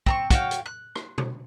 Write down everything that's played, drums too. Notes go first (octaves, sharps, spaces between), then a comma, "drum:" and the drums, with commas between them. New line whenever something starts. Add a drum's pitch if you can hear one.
C4 A#5 C#6, drum: kick
F#4 C#5 F5 G5, drum: kick, hi-hat
drum: hi-hat
F#6
drum: rim click
drum: tom B2